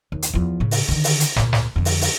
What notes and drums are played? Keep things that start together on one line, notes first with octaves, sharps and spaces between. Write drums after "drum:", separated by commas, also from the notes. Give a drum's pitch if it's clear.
D#2
drum: hi-hat
E2 F3
A2 C#3
drum: open hi-hat
D3 D#3
drum: open hi-hat
drum: hi-hat
D2 A#2, drum: snare
drum: snare
F2 D3
drum: open hi-hat
drum: open hi-hat